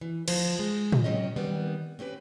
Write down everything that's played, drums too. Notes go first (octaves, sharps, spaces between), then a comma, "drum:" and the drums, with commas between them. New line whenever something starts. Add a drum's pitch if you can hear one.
E3
D2 F3 C5, drum: cymbal
G#3
drum: tom A2
F#3 C4 C#4 D#5
D#3 G3 B3 C4
C4 C#4 G4 B4